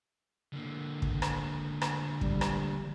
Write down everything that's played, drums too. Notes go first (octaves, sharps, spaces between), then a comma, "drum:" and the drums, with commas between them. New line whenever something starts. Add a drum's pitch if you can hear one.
D3 A#3
drum: kick
drum: rim click
drum: rim click
G3, drum: kick
drum: rim click